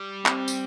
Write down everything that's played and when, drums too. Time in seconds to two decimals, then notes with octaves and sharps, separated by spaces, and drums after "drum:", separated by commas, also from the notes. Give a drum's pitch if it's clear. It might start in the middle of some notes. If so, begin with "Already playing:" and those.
Already playing: G3
0.26 C4, drum: clap
0.48 drum: tambourine